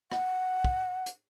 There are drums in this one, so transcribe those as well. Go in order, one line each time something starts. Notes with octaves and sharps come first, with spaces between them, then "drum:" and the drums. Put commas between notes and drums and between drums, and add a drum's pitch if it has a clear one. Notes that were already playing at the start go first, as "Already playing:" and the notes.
F#5, drum: rim click
drum: kick
drum: hi-hat